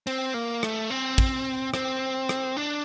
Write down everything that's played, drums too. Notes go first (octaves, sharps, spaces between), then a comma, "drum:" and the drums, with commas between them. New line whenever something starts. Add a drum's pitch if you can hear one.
C4, drum: cymbal
A#3
A3, drum: rim click
C4
drum: kick, cymbal
C4, drum: rim click
drum: rim click
D4